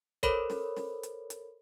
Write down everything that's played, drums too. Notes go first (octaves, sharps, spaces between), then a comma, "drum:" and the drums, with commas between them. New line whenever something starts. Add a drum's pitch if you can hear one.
A4 A#4 C5 C#5 B5, drum: kick, hi-hat
drum: snare
drum: snare
drum: hi-hat
drum: hi-hat